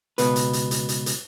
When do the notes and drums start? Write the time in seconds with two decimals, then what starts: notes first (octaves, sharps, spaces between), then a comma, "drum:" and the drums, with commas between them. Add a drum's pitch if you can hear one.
0.18 C#2 B2 B4, drum: hi-hat
0.36 drum: hi-hat
0.53 drum: hi-hat
0.71 drum: hi-hat
0.89 drum: hi-hat
1.06 drum: hi-hat